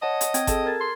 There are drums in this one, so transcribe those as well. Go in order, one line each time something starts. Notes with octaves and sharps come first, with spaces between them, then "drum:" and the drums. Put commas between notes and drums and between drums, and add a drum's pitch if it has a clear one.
C#5 D#5 F#5 A5
drum: hi-hat
C4 G5 G#6, drum: hi-hat
G#4 A4 A5, drum: kick G1, hi-hat
A#4 G#6 A6
C6